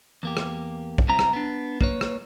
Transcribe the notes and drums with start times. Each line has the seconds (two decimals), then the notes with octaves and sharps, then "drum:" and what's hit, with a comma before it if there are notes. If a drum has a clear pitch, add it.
0.23 E2 A#3 G4
0.37 drum: rim click
0.98 drum: kick
1.08 C2 C3 C4 E4 A#5
1.19 drum: rim click
1.33 B3 D4
1.81 A#3 B4 C#5, drum: kick
2.01 drum: rim click